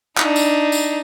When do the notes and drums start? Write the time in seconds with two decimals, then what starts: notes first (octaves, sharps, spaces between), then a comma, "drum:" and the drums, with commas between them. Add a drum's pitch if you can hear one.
0.18 D4 D#4, drum: clap
0.36 drum: tambourine
0.72 drum: tambourine